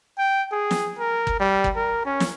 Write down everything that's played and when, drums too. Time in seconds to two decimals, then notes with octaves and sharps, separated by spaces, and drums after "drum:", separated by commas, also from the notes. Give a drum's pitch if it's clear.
0.18 G5
0.52 G#4
0.71 drum: snare
0.99 A#4
1.27 drum: kick G1
1.40 G3
1.64 drum: kick G1
1.76 A#4
2.05 C#4
2.20 drum: snare